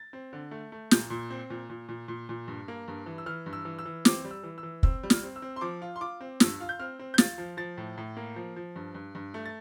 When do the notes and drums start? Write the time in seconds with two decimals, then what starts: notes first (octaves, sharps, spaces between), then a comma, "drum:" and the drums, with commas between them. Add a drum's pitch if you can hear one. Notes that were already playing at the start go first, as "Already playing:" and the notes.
Already playing: A6
0.13 C4
0.33 D3
0.51 A3
0.72 A3
0.91 A#2 G6, drum: snare
1.10 A#2
1.30 C4
1.50 A#2
1.70 A#2
1.89 A#2
2.08 A#2
2.29 A#2
2.48 G2
2.68 A#3
2.88 G2
3.06 E3
3.18 E6
3.26 E3 F6
3.46 G2
3.53 E6
3.65 E3
3.79 E6
3.86 E3
4.05 C4 D6, drum: snare
4.25 G3
4.31 E6
4.43 E3
4.58 E6
4.63 E3
4.83 C4 E6, drum: kick
5.03 G3
5.10 F6, drum: snare
5.23 C4
5.36 E6
5.42 C4
5.56 C6
5.61 F3 D6
5.82 F4
5.96 C6
6.01 F4 D6
6.21 C4
6.40 G2 E6, drum: snare
6.60 F4
6.69 G6
6.80 C4 F6
6.99 C4
7.14 G6
7.18 F4 A6, drum: snare
7.38 F3
7.57 F3 A6
7.78 A2
7.98 A2
8.17 A#3
8.36 F3
8.56 F3
8.76 G2
8.95 G2
9.15 G2
9.34 A3
9.46 A6